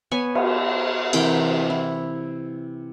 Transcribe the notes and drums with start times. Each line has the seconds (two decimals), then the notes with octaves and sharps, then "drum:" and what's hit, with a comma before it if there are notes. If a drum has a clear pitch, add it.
0.11 B3 C#5 G#5
0.35 drum: cymbal
1.13 C3 E3 A#4 G5, drum: cymbal
1.70 E4